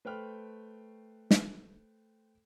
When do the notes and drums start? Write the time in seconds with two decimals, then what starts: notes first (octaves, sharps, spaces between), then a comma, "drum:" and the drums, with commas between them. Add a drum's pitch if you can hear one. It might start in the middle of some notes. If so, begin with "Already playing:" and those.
0.05 A3 B4 C5 G5 F6 F#6
1.31 drum: snare